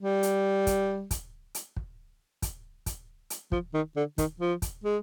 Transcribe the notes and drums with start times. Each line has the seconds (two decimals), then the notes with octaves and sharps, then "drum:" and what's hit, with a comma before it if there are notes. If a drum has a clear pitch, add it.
0.01 G3
0.23 drum: hi-hat
0.67 drum: kick, hi-hat
1.11 drum: kick, hi-hat
1.55 drum: hi-hat
1.76 drum: kick
2.42 drum: kick, hi-hat
2.86 drum: kick, hi-hat
3.30 drum: hi-hat
3.52 F3, drum: kick
3.74 D#3
3.96 D3
4.18 D#3, drum: kick, hi-hat
4.40 F3
4.62 drum: kick, hi-hat
4.84 G#3